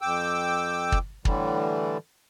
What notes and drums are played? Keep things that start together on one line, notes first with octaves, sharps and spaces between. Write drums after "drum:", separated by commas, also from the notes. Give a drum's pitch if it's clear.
F2 G5 D6 E6
drum: kick
A2 D3 E3 G3, drum: kick